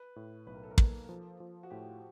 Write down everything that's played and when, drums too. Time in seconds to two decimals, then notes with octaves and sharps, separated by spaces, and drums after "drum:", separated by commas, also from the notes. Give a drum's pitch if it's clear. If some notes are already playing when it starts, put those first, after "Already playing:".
Already playing: B4
0.16 A2
0.47 B1 B4
0.54 A#4
0.63 A4
0.71 A#4
0.78 A#3, drum: kick
1.04 A#4
1.09 F3 A4
1.40 F3
1.63 F#4
1.70 A2 G4